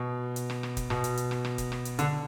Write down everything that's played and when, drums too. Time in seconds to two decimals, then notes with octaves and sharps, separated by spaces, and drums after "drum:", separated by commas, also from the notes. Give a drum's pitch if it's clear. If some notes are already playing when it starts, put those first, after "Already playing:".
Already playing: B2
0.36 drum: hi-hat
0.50 drum: rim click
0.63 drum: rim click
0.77 drum: kick, hi-hat
0.90 B2, drum: rim click
1.04 drum: hi-hat
1.17 drum: hi-hat
1.31 drum: rim click
1.45 drum: rim click
1.58 drum: kick, hi-hat
1.72 drum: rim click
1.85 drum: hi-hat
1.99 D3, drum: hi-hat